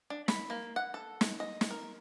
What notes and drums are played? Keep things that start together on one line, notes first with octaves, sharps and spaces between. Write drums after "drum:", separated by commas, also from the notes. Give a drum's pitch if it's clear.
D4
B5, drum: snare
A#3
F#5
A4
drum: snare
D#5
drum: snare
A#4